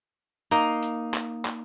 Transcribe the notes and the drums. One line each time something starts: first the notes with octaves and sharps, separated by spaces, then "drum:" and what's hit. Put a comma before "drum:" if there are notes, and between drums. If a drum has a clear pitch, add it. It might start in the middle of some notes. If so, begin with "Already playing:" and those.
A#3 D#4, drum: hi-hat
drum: hi-hat
drum: clap
drum: clap